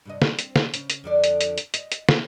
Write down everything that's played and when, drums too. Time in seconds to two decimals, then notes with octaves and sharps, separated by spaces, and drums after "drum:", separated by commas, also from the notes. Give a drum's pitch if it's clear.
0.05 G2 C3 D#5
0.22 C4, drum: snare
0.39 drum: hi-hat
0.56 drum: snare
0.74 C#3, drum: hi-hat
0.90 drum: hi-hat
1.04 F2 D3 D5
1.24 drum: hi-hat
1.41 drum: hi-hat
1.58 drum: hi-hat
1.74 D#5, drum: hi-hat
1.92 drum: hi-hat
2.09 drum: snare